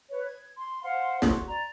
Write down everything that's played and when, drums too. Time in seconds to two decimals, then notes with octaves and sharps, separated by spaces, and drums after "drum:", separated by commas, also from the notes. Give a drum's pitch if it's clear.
0.10 B4 C#5
0.25 G#6
0.58 C6
0.83 C5 F5 F#5 C6
1.22 F#4 C6, drum: snare
1.48 D5 A#5